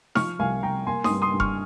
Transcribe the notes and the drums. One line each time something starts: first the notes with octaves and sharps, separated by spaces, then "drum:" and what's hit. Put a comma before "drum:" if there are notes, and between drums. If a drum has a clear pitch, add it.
F3 C#6 F6, drum: snare D#4
C2 F5 G#5
C2 G5 A#5
A#3 G#5 C6
C6 D#6, drum: snare D#4
G2
C6 D#6
G2
C#6 F6, drum: kick F1